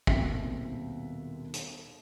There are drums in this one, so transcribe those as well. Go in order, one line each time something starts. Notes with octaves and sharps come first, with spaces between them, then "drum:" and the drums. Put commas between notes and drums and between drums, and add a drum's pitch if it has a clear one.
D#1 D#2 B2 C4 E5 B6, drum: kick
drum: hi-hat